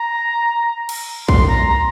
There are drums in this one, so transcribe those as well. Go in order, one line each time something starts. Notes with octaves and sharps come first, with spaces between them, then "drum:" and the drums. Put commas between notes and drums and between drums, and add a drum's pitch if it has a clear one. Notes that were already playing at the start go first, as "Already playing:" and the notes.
Already playing: A#5
drum: cymbal
C6, drum: kick B1
A#5
A#5